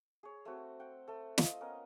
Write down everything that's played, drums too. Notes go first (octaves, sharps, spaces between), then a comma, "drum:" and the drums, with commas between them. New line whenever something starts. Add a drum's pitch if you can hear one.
G#4 C#5
A3 C4 F#4
F#5 G5
A3 A4
F4 D#5, drum: snare
B3 C#4 A#4 D#5